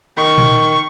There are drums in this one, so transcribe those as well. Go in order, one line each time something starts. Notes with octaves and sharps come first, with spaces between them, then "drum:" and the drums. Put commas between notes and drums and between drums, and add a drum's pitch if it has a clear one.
D#3 C#6
drum: tom A#2